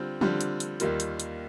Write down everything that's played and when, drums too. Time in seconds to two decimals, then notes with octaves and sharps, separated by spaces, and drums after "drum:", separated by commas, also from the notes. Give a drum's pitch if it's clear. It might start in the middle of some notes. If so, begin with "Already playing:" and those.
Already playing: D3 G3 C4 F4
0.21 D3 G3 C4 F4, drum: tom
0.41 drum: hi-hat
0.60 drum: hi-hat
0.80 D#2 D#3 G3 A#3 F4, drum: hi-hat
1.00 drum: hi-hat
1.20 drum: hi-hat